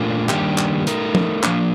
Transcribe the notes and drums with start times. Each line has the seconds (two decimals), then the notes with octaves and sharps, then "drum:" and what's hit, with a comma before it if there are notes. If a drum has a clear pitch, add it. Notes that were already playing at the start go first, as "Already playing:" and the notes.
Already playing: A#2 A3 D4 F4 A#4
0.29 D#3 G3 A#3 D4 G4, drum: clap
0.58 drum: clap
0.87 A3 D#4 A#4, drum: hi-hat
1.15 drum: tom
1.43 F3 A#3 D4, drum: clap